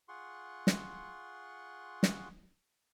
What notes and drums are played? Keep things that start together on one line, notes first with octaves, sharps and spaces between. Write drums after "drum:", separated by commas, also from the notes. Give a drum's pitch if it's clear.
F4 G#4 F#5 C6 C#6
drum: snare
drum: snare